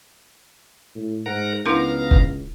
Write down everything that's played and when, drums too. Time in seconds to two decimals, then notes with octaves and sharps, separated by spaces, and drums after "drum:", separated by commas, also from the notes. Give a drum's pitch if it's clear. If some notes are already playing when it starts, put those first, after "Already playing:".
0.95 A2
1.26 G#2 A#4 F#5 A#5
1.66 C#2 B3 D4 E4 A#4 F5 A#5
2.11 drum: kick